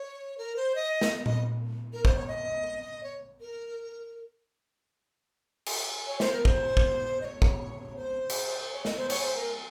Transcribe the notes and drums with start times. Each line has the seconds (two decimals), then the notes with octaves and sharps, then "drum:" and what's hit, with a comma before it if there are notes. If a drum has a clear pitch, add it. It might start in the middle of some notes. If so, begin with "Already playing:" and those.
Already playing: C#5
0.38 A#4
0.56 C5
0.75 D#5
1.01 drum: snare
1.26 D#5, drum: tom A#2
1.93 A#4
2.05 C5, drum: kick
2.16 C#5
2.28 D#5
3.03 C#5
3.41 A#4
5.66 drum: cymbal
6.07 C#5
6.20 C5, drum: snare
6.33 A#4
6.45 C5, drum: kick
6.77 drum: kick
7.21 D#5
7.25 C#5
7.42 drum: kick
7.96 C5
8.30 drum: cymbal
8.73 C#5
8.85 D#5, drum: snare
8.97 C5
9.10 C#5, drum: cymbal
9.23 C5
9.36 A#4